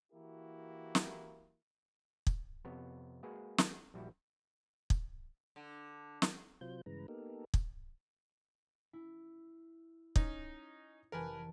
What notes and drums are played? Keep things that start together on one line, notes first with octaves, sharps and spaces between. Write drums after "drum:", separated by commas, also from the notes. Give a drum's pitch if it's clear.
E3 A#3 E4 F#4 G4 A#4
drum: snare
drum: kick
F2 C3 B3 C#5
G#3 A#3 F#4 G#4 B4
drum: snare
A#1 G3 E4 F#4
drum: kick
D3
drum: snare
C3 F#3 F4 C5 G6
G2 C#3 E3 G#3 B4 A#5
A#3 B3 D#4 G4 A4 A#4
drum: kick
E4
C#4 D#4, drum: kick
F1 E3 A#4 B4 G#5 A5